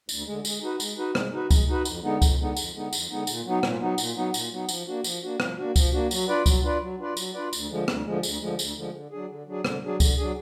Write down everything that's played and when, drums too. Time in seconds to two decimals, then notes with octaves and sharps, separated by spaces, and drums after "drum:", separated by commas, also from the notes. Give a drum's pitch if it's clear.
0.09 D2, drum: tambourine
0.27 D3 G#3
0.45 G#3, drum: tambourine
0.62 D#4 F#4 B4
0.80 G#3, drum: tambourine
0.97 D#4 F#4 B4
1.15 G#3, drum: rim click
1.32 D#4 F#4 B4
1.51 G#3, drum: kick C#2, tambourine
1.68 D#4 F#4 B4
1.85 F2, drum: tambourine
2.03 D3 G#3 B3 D#4
2.22 F2, drum: kick C#2, tambourine
2.39 D3 G#3 B3 D#4
2.56 F2, drum: tambourine
2.74 D3 G#3 B3 D#4
2.93 F2, drum: tambourine
3.10 D3 G#3 B3 D#4
3.27 A#2, drum: tambourine
3.45 F#3 B3 D#4
3.63 A#2, drum: rim click
3.80 F#3 B3 D#4
3.98 A#2, drum: tambourine
4.16 F#3 B3 D#4
4.34 A#2, drum: tambourine
4.51 F#3 B3 D#4
4.69 F3, drum: tambourine
4.87 A#3 D4 F#4
5.04 F3, drum: tambourine
5.22 A#3 D4 F#4
5.40 F3, drum: rim click
5.58 A#3 D4 F#4
5.76 F3, drum: kick C#2, tambourine
5.93 A#3 D4 F#4
6.11 F#3, drum: tambourine
6.29 D4 F4 B4 D5
6.46 F#3, drum: kick C#2, tambourine
6.64 D4 F4 B4 D5
6.81 F#3
6.99 D4 F4 B4 D5
7.17 F#3, drum: tambourine
7.34 D4 F4 B4 D5
7.53 D2, drum: tambourine
7.70 D3 F3 G#3
7.88 D2, drum: rim click
8.05 D3 F3 G#3
8.23 D2, drum: tambourine
8.41 D3 F3 G#3
8.59 D2, drum: tambourine
8.77 D3 F3 G#3
8.93 D3
9.11 F#3 D4 G#4
9.29 D3
9.47 F#3 D4 G#4
9.65 D3, drum: rim click
9.83 F#3 D4 G#4
10.00 D3, drum: kick C#2, tambourine
10.18 F#3 D4 G#4